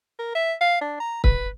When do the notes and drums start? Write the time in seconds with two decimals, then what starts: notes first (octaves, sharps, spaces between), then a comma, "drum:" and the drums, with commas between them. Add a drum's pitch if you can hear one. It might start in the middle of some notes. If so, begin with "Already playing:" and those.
0.19 A#4
0.35 E5
0.60 F5
0.81 D4
1.00 A#5
1.24 B4, drum: kick